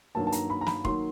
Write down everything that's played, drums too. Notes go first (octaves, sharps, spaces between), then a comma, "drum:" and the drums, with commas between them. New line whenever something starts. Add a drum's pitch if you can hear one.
G2 D#3 F#3 A#3 A5
A5
A#5, drum: hi-hat
B5
A#5
B5, drum: snare
D#3 F#3 A#3 C6, drum: kick